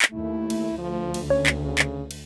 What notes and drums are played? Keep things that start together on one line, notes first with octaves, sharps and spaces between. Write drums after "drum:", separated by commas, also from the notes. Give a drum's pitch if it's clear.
drum: clap
D#2 A3 E4
drum: cymbal
D2 F3
drum: cymbal
C#4 C#5
drum: clap
C#3
drum: clap
drum: cymbal